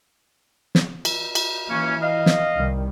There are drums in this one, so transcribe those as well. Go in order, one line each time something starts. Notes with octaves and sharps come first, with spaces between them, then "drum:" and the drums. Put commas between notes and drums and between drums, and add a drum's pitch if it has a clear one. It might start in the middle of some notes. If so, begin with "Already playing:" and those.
drum: snare
drum: cymbal
drum: cymbal
E3 A#3 C#4
D#5 F5
drum: snare
C2 D#3 G3